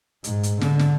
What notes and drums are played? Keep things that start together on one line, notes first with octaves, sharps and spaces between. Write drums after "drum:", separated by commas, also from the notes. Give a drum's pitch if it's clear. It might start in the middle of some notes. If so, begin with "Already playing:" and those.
G#2, drum: hi-hat
drum: hi-hat
D3, drum: snare
drum: snare